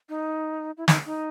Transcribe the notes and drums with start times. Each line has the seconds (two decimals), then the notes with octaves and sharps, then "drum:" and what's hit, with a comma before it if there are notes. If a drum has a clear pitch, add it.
0.09 D#4
0.77 E4
0.88 D#4, drum: snare
1.06 D#4